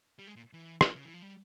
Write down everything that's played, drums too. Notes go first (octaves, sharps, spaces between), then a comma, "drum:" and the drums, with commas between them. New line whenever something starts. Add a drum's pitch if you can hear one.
G3
G#3
A#2
E3
drum: rim click
C#3
E3
F3
G3